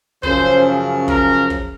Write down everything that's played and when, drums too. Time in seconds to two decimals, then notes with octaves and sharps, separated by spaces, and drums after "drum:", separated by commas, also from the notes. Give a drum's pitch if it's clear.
0.23 F#2 C#3 F3 C5, drum: kick
1.08 A#4, drum: kick
1.50 drum: kick